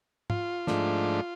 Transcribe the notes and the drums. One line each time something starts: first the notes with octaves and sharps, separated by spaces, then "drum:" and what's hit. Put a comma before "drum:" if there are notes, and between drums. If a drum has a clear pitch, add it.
F4, drum: tom G#2
G#2 F3 A3 D4, drum: snare